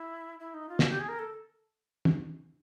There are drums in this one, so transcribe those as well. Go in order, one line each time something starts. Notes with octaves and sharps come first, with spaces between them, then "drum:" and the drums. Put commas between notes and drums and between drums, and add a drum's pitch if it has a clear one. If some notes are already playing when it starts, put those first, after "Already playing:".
Already playing: E4
E4
D#4
F4
F#4, drum: snare
G4
G#4
A#4
A4
drum: tom